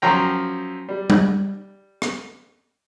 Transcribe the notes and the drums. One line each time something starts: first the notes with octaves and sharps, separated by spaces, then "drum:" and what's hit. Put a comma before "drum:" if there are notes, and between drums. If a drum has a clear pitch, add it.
F#2 F3 G5 A#5
G3
drum: tom G3
drum: rim click